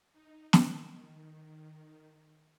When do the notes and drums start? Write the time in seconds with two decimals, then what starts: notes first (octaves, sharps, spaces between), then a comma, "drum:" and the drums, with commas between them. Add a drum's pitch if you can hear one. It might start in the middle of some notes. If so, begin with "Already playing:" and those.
0.13 D#4
0.53 D#3, drum: snare